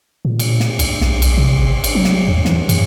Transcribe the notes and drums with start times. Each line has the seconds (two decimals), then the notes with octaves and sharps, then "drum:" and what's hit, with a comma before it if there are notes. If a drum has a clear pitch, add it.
0.25 A#2
0.39 drum: cymbal
0.60 drum: snare
0.79 C2, drum: cymbal
1.01 B1, drum: snare
1.22 drum: cymbal
1.37 C3
1.59 G#1
1.84 drum: cymbal
1.95 F#3
2.04 drum: snare
2.28 E2
2.45 E3, drum: snare
2.69 F#2, drum: cymbal